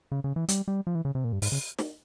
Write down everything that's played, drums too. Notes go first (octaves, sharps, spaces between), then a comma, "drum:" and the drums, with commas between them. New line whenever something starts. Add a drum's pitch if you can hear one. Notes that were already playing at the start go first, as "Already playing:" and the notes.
C#3
C#3
E3
G3, drum: hi-hat
G3
F3
E3
C#3
C3
A#2
G2
G#2, drum: open hi-hat
C#3
drum: snare